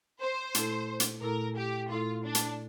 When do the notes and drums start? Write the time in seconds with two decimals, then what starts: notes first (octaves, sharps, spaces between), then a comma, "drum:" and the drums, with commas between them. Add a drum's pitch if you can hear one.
0.21 C5
0.55 A#2 A3 E4 A4, drum: hi-hat
1.00 drum: hi-hat
1.22 A#2 A3 E4 A4 A#4
1.56 G4
1.90 A#2 A3 E4 F4 A4
2.24 D4
2.35 drum: hi-hat